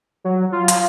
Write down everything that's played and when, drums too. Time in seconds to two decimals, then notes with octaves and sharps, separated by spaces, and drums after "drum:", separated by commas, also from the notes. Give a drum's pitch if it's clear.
0.24 F#3
0.52 F4
0.68 drum: hi-hat